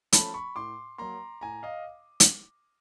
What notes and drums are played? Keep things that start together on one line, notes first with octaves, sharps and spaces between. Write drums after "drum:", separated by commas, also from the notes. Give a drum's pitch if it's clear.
F3 A3 C#4 A5 B5, drum: hi-hat
B5 C#6
A2 C6 D6
F#3 A#3 A#5 C6
A2 G#5 A#5
D#5 F5
drum: hi-hat